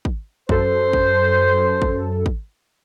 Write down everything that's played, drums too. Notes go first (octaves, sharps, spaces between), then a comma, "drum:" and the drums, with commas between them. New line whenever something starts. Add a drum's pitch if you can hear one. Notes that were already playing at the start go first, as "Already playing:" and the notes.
drum: kick
F#2 A4 C5, drum: kick
drum: kick
drum: kick
drum: kick